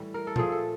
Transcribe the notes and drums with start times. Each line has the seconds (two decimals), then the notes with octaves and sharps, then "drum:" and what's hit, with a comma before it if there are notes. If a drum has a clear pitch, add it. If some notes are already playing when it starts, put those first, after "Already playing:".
Already playing: A2 E3 G3
0.14 A#4
0.27 A4
0.36 A#2 F3 A3 G#4, drum: tom A#2
0.52 A4